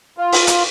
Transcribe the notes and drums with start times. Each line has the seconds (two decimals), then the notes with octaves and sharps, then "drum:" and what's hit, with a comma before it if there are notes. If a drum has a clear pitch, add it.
0.18 F4
0.32 drum: open hi-hat
0.47 drum: hi-hat